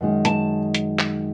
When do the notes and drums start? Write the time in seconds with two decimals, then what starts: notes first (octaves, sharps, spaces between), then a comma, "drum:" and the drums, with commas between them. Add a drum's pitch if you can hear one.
0.01 F#2 D#3 G#3
0.25 A5, drum: hi-hat
0.75 drum: hi-hat
0.99 drum: clap